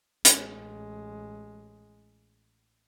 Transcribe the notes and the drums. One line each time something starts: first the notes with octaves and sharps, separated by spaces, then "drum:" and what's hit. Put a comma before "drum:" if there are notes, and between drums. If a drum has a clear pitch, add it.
A1 G#3, drum: hi-hat